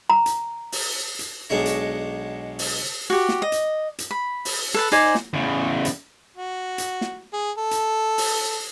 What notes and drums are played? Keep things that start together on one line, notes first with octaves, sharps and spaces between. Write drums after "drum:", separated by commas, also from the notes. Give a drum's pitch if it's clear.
A#5
drum: hi-hat
drum: open hi-hat
drum: hi-hat
B1 B2 G#3 D4 C#5 A#5
drum: hi-hat
drum: open hi-hat
F#4 G4
drum: snare
D#5
drum: hi-hat
drum: hi-hat
B5
drum: open hi-hat
A4 B4 A5
D#4 C5 D5 G#5, drum: hi-hat
drum: snare
E2 C#3
drum: hi-hat
F#4
drum: hi-hat
drum: snare
G#4
A4
drum: hi-hat
drum: open hi-hat